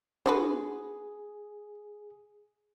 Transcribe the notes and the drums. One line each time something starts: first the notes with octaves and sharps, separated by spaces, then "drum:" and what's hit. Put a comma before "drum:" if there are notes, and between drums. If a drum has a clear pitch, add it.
D4 F#4 G#4 B4, drum: tom